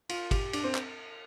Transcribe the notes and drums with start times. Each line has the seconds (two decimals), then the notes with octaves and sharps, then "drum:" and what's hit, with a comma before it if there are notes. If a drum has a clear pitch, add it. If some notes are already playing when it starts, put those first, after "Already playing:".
0.09 F4, drum: cymbal
0.31 G4, drum: kick, cymbal
0.53 D4, drum: cymbal
0.64 C4
0.75 drum: clap